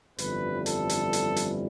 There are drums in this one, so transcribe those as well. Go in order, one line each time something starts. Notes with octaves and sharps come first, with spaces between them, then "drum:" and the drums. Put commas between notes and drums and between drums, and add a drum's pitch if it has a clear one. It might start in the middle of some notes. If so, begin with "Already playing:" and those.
G1 F2 E3 G3 B4, drum: hi-hat
A4, drum: hi-hat
drum: hi-hat
drum: hi-hat
drum: hi-hat